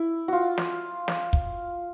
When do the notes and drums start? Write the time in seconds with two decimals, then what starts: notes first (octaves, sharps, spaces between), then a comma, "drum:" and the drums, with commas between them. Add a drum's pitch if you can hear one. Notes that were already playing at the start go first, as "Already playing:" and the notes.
Already playing: E4
0.28 F4 F#4
0.58 drum: snare
1.08 drum: snare
1.33 drum: kick